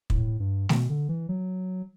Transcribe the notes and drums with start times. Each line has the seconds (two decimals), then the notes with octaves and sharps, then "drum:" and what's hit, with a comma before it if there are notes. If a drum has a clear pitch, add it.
0.10 A2, drum: kick
0.40 G2
0.69 B2, drum: snare A3
0.89 D3
1.09 E3
1.29 F#3